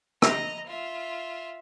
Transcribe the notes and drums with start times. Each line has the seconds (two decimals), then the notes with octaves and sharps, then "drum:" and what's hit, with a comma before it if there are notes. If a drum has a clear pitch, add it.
0.22 D#5 A#5, drum: rim click
0.67 F4 E5